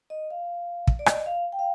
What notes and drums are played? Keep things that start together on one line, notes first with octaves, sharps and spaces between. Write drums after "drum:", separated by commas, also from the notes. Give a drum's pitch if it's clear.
D#5
F5
drum: kick
D5
D#5, drum: rim click
F5
G5
F5